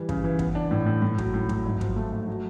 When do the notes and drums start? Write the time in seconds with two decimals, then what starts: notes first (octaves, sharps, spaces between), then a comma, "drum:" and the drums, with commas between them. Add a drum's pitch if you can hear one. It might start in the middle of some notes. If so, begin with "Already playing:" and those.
Already playing: E3 G3
0.09 C#3, drum: kick
0.24 E3
0.39 B3, drum: kick
0.55 D4
0.71 A2
0.86 A2
1.02 A2
1.18 F#3, drum: kick
1.34 A2
1.49 F#3, drum: kick
1.65 G#1
1.81 F3, drum: kick
1.96 A3
2.12 A3
2.27 F#3